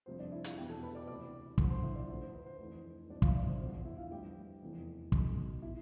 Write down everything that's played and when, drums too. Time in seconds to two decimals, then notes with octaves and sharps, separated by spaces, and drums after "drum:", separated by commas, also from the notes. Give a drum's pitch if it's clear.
0.06 G1 F2 C3 F3 C5
0.19 D4 D5
0.32 E4 E5
0.44 F4 F5, drum: hi-hat
0.58 E2 B2 G4 G5
0.69 A4 A5
0.83 B4 B5
0.95 D5 D6
1.07 D2 C3 E3 D5 D6
1.58 D2 D3 F3, drum: kick
1.70 C5 C6
1.83 E4 E5
1.96 D4 D5
2.08 D2 D3 F3 C5
2.22 C5
2.34 B4
2.46 C5
2.60 F1 F2 E3
3.09 C2 B2 D4 D5
3.22 F4 F5, drum: kick
3.30 E5
3.35 D4 D5
3.48 C5
3.61 E2 D3 F3 C5
3.85 E4 E5
3.98 F4 F5
4.10 A1 G2 F3 G4 G5
4.62 F1 E2 C3 E3
5.12 B1 B2, drum: kick
5.62 B2 E4 E5